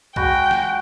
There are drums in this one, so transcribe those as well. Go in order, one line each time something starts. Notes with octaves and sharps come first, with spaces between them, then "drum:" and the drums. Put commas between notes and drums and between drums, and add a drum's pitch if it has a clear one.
G#3 F#4 G5 B5, drum: kick B1
drum: snare